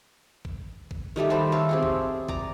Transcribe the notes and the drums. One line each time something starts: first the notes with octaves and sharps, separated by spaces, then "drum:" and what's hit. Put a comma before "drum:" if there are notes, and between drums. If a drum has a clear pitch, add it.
drum: kick
drum: kick
D#3 G3 A3 G4
G4 C5 A5 B5
A4 C#5 E5 F5
C4 G4 G#4
drum: kick
D5 A#5, drum: kick